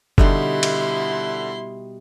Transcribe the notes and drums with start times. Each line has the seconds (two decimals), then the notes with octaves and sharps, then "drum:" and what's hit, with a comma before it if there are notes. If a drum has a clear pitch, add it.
0.18 B2 D3 G3 D#4 E4 C6, drum: kick F#1
0.63 drum: cymbal